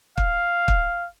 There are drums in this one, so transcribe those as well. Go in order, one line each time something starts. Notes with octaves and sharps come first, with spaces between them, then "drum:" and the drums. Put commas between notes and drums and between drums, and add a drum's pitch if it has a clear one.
F5, drum: kick
drum: kick